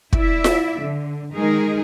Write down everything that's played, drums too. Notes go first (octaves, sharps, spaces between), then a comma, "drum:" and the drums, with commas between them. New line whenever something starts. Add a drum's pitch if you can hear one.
E4 D5 E5, drum: kick
drum: snare F4
D3
D#3 G#3 D#4 G#4 A#4